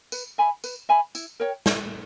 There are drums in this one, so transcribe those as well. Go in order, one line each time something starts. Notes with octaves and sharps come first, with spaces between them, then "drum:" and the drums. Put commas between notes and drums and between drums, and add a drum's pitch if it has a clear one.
B4, drum: tambourine
E5 G#5 B5
B4, drum: tambourine
E5 G#5 B5
E4, drum: tambourine
A#4 C#5 G5
E4, drum: snare